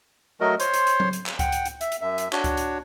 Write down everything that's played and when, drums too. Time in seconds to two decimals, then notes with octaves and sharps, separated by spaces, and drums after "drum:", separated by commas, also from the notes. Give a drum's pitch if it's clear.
0.41 F#3 A3 F#4 A#4 D#5
0.60 C5 C#5 C6, drum: hi-hat
0.74 drum: hi-hat
0.87 drum: hi-hat
1.00 drum: tom F#3
1.13 drum: hi-hat
1.26 drum: clap
1.39 F#5 G5, drum: kick C#2, hi-hat
1.52 drum: hi-hat
1.65 drum: hi-hat
1.81 E5, drum: hi-hat
1.92 drum: hi-hat
2.01 F#2 E5
2.18 drum: hi-hat
2.32 D4 F#4 C#5, drum: clap
2.44 drum: kick C#2, hi-hat
2.57 drum: hi-hat